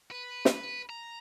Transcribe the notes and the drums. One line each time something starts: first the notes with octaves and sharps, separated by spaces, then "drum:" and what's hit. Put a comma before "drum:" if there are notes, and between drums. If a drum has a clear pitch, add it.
B4
drum: snare
A#5